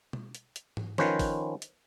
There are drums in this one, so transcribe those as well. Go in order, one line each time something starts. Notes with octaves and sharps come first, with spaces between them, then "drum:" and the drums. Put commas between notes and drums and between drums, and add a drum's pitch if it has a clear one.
drum: tom
drum: hi-hat
drum: hi-hat
drum: tom G#2
D#3 F3 C#4 B4 C5, drum: snare
drum: kick G1, open hi-hat
drum: hi-hat